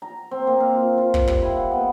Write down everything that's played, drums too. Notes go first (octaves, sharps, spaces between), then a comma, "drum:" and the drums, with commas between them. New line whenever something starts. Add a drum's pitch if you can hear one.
A#5
C4
A#3
F5
F4
F4
drum: kick
G3, drum: kick
E4
F#5
B3